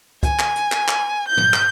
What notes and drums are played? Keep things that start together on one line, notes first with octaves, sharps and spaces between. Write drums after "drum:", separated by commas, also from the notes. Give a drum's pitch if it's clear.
G#5, drum: kick, hi-hat
drum: clap
drum: hi-hat
drum: clap
drum: clap
G6
drum: tom
drum: clap